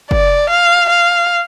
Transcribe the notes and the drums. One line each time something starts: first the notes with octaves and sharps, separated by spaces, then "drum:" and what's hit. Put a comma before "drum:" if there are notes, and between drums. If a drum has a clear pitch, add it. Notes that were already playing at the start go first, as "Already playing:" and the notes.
D5, drum: kick
F5
F5